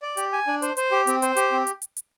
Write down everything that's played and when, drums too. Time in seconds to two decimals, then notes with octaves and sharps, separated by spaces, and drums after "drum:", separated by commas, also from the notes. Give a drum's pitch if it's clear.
0.02 D5
0.17 G4, drum: hi-hat
0.33 G#5
0.47 D4
0.62 C5, drum: hi-hat
0.77 C5, drum: hi-hat
0.91 G4
1.07 C4, drum: hi-hat
1.22 C5, drum: hi-hat
1.37 G4, drum: hi-hat
1.52 C4
1.67 drum: hi-hat
1.82 drum: hi-hat
1.97 drum: hi-hat